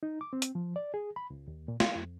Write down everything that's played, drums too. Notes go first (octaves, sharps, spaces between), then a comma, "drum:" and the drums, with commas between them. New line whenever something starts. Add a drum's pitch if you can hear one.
D#4
D6
C4
drum: hi-hat
F3
D5
G#4
B5
C#2
D#2
A#2
F5, drum: snare
F2